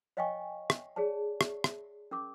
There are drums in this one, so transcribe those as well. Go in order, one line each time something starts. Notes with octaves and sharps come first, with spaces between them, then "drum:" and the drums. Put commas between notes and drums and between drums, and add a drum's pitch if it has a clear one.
C#5 D#5 F5 G5 G#5 C#6
drum: rim click
G#4 C#5 D5 A5
drum: rim click
drum: rim click
C#4 A#4 D6